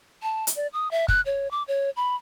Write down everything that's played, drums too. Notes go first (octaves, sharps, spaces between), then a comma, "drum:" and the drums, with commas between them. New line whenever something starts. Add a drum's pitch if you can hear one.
A5
drum: hi-hat
D5
D#6
E5
F#6, drum: kick
C#5
D6
C#5
B5